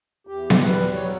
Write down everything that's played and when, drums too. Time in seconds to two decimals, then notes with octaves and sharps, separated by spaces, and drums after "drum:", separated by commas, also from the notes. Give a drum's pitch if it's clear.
0.27 E2 G4
0.50 drum: snare B3
0.61 G3 B4
0.95 F#3 C#5